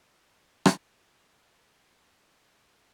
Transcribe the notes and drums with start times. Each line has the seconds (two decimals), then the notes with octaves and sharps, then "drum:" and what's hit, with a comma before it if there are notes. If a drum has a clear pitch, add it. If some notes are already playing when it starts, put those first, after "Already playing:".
0.66 drum: rim click
1.21 D3
1.52 G4